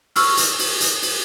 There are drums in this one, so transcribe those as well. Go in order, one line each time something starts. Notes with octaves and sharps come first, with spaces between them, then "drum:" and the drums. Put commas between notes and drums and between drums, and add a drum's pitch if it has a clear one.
C#6 E6 F6, drum: open hi-hat
drum: hi-hat
drum: open hi-hat
drum: hi-hat
drum: open hi-hat